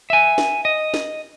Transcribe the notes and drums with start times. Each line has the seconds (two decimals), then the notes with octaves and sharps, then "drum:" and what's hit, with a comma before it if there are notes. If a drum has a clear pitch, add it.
0.10 E5 G#5
0.38 drum: snare
0.65 D#5
0.94 drum: snare